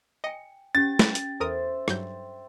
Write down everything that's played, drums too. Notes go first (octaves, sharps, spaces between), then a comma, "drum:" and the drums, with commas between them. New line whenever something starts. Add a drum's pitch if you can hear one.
D#5 G5 G#5
C#4 G4 G5 A6
drum: snare
drum: hi-hat
E2 A4 A#4 C5 E5 D#6
G2 F#3 G6, drum: rim click